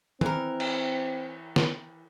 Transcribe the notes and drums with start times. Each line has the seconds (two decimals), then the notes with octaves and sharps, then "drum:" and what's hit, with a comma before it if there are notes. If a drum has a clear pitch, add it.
0.21 E3 C4 A#4, drum: tom
0.60 drum: cymbal
1.56 drum: snare